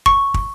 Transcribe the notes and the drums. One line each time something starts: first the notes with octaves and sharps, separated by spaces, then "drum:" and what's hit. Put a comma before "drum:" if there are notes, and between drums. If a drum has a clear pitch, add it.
C#6, drum: kick
drum: kick